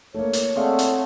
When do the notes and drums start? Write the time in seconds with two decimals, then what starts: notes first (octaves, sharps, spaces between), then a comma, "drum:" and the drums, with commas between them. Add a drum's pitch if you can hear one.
0.14 A3 A#3 C#5
0.33 drum: hi-hat
0.56 A3 C4 G#4 D5 F5 F#5
0.79 drum: hi-hat